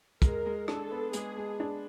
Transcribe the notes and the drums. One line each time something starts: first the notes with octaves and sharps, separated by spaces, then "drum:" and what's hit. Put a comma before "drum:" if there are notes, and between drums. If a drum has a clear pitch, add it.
G#3 A#4, drum: kick, hi-hat
G#3
D4 A4, drum: rim click
B3
G#3 G#4, drum: hi-hat
G#3
D4